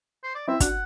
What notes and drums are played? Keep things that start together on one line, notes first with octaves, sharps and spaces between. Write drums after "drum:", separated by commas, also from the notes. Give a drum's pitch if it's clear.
C5
D5
C4 E4 E5
D4 F#4 F#5, drum: kick, hi-hat